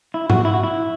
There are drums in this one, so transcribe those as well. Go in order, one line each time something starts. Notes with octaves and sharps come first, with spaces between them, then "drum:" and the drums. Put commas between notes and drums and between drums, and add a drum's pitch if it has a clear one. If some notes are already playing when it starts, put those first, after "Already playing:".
E4
F#4, drum: tom G#2
E4
F#4
E4